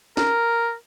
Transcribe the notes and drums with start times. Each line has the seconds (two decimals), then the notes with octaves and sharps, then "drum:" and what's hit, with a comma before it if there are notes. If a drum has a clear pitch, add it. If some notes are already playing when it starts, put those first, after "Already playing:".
0.17 A#4, drum: snare